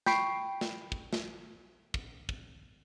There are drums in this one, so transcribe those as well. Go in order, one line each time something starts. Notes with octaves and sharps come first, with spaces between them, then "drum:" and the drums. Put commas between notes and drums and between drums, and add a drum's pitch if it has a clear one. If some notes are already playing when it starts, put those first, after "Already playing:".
G5 B5 C#6 C7 D7, drum: snare
drum: snare
drum: kick
drum: snare
drum: kick
drum: kick